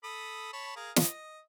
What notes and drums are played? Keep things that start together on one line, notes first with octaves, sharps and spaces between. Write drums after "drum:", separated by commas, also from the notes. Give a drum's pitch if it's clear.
A4 B5 D#6
C#5 A5 B5
G#4 A#4 F5
D#5, drum: snare